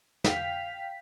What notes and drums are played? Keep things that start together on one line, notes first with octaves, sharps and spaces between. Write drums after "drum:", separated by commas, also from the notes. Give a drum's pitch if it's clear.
F5 G5 B6, drum: snare